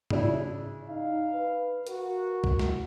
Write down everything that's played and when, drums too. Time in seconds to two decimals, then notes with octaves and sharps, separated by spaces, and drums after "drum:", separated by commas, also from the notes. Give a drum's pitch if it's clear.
0.10 C#3 D4 E4, drum: tom G#2
0.90 D#4 F5
1.33 B4
1.87 F#4 A#4, drum: hi-hat
2.44 drum: kick
2.59 drum: snare